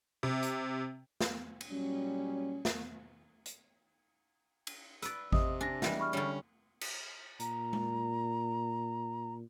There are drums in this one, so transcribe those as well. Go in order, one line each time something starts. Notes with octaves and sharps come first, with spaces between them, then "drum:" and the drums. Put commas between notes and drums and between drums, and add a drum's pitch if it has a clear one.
C3
drum: hi-hat
drum: snare
drum: cymbal
A#2 F#3 G3 C#4
drum: snare
drum: hi-hat
drum: cymbal
B4 D5 E6, drum: hi-hat
C3 D#5 D#6, drum: kick G#1
D4 G#5 A#6
E3 G3 G#3, drum: snare
B5 C#6 F6
D3 G3 C#4
drum: cymbal
A#2 A#5, drum: hi-hat
drum: tom G#3